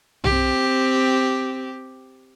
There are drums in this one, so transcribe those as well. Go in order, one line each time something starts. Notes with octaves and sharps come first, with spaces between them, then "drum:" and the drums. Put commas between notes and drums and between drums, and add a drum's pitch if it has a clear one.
C4 G4, drum: tom B1